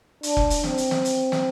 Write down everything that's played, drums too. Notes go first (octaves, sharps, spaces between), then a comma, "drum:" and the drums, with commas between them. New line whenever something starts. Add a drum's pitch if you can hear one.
D4, drum: hi-hat
drum: kick F1
drum: hi-hat
C4, drum: snare
drum: hi-hat
drum: snare
drum: hi-hat
drum: snare